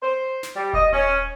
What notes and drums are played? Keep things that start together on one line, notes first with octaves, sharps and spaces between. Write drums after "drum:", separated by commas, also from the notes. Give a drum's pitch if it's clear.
C5
drum: snare
G3
D#5, drum: kick D#1
C#4